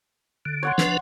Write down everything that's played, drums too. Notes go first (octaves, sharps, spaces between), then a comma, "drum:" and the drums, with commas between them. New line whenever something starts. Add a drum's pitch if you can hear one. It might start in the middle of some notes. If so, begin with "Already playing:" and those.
D3
C#5 F#5 C6
F3 D4 B4, drum: snare